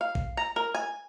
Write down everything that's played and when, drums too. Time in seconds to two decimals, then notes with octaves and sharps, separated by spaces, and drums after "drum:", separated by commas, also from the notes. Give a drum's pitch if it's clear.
0.01 F5
0.15 drum: kick A#1
0.37 A#5
0.56 A#4
0.75 G#5